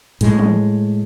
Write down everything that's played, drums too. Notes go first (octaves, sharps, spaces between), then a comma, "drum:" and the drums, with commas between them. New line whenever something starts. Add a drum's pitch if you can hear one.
A2 G#3, drum: hi-hat
drum: tom